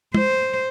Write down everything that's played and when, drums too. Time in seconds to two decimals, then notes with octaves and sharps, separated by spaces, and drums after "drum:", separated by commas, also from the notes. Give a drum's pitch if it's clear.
0.14 C5, drum: tom